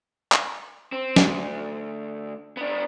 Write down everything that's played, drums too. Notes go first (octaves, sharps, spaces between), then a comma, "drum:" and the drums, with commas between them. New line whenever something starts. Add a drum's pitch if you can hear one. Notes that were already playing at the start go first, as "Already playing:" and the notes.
drum: clap
C4
D2, drum: snare
B3 D4